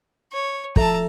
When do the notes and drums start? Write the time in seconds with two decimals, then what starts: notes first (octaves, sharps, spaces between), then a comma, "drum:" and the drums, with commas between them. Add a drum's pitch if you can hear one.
0.32 C#5
0.76 F3 A4 E5 A5 A#5, drum: kick